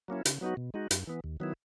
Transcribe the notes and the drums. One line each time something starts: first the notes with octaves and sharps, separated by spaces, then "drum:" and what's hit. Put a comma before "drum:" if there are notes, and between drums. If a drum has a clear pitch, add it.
F#3 A#3 C#4 E4
C#3, drum: hi-hat
F#3 B3 D#4 F#4
B2
G#3 D#4 F#4
F#2, drum: hi-hat
E3 B3
D#2
D#3 F#3 B3 E4